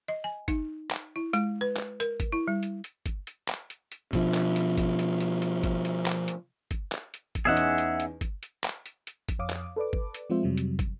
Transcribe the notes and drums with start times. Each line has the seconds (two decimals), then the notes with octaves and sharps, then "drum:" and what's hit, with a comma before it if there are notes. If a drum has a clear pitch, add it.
0.08 D#5
0.24 G#5
0.48 D#4, drum: kick, hi-hat
0.91 drum: clap
1.16 E4
1.33 G#3, drum: hi-hat
1.61 B4
1.77 drum: clap
2.00 A#4, drum: hi-hat
2.20 drum: kick, hi-hat
2.33 E4
2.48 G3
2.63 drum: hi-hat
2.84 drum: hi-hat
3.06 drum: kick, hi-hat
3.27 drum: hi-hat
3.49 drum: clap
3.70 drum: hi-hat
3.92 drum: hi-hat
4.13 B2 F3, drum: kick, hi-hat
4.35 drum: clap
4.56 drum: hi-hat
4.77 drum: kick, hi-hat
4.99 drum: hi-hat
5.20 drum: hi-hat
5.42 drum: hi-hat
5.63 drum: kick, hi-hat
5.85 drum: hi-hat
6.06 drum: clap
6.28 drum: hi-hat
6.71 drum: kick, hi-hat
6.92 drum: clap
7.14 drum: hi-hat
7.35 drum: kick, hi-hat
7.45 E2 C#4 D#4 G#4 E5 F#5
7.57 drum: hi-hat
7.78 drum: hi-hat
8.00 drum: hi-hat
8.21 drum: kick, hi-hat
8.43 drum: hi-hat
8.64 drum: clap
8.86 drum: hi-hat
9.07 drum: hi-hat
9.29 drum: kick, hi-hat
9.39 F2 C#5 F5 D6 D#6
9.50 drum: clap
9.76 A4 B4 D5 D6
9.93 drum: kick
10.14 drum: hi-hat
10.30 F3 G#3 C4 F4 C5 E5
10.43 F2 C3 F#3 G3
10.57 drum: hi-hat
10.79 drum: kick, hi-hat